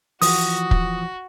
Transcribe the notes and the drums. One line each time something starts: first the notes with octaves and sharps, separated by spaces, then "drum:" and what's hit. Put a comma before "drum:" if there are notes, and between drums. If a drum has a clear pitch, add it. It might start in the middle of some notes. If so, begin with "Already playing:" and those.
E3 F3 F#4 D#6, drum: open hi-hat
drum: kick